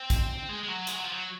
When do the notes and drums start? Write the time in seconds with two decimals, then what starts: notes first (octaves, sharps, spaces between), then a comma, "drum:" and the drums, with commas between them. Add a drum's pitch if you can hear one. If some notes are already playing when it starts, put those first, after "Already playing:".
Already playing: C4
0.10 drum: kick A1, hi-hat
0.49 G#3
0.63 G#3
0.68 F#3
0.87 G#3, drum: hi-hat
0.95 F#3
1.04 F3
1.12 F#3